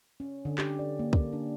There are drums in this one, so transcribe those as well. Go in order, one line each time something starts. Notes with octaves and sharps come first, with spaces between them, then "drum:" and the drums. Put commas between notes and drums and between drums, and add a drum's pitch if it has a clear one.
C#4
D3
G4, drum: clap
D5
A#3
drum: kick
D4